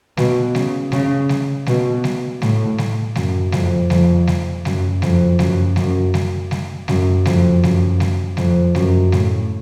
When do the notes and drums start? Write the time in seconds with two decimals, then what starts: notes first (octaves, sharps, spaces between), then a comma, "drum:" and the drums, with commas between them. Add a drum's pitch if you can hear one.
0.17 B2, drum: snare G3
0.55 C#3, drum: snare G3
0.92 C#3, drum: snare G3
1.29 drum: snare G3
1.66 B2, drum: snare G3
2.04 drum: snare G3
2.42 A2, drum: snare G3
2.78 drum: snare G3
3.15 F#2, drum: snare G3
3.52 F2, drum: snare G3
3.90 F2, drum: snare G3
4.27 drum: snare G3
4.65 F#2, drum: snare G3
5.02 F2, drum: snare G3
5.39 F#2, drum: snare G3
5.76 F#2, drum: snare G3
6.14 drum: snare G3
6.51 drum: snare G3
6.88 F#2, drum: snare G3
7.25 F2, drum: snare G3
7.63 F#2, drum: snare G3
8.00 drum: snare G3
8.37 F2, drum: snare G3
8.75 F#2, drum: snare G3
9.12 A2, drum: snare G3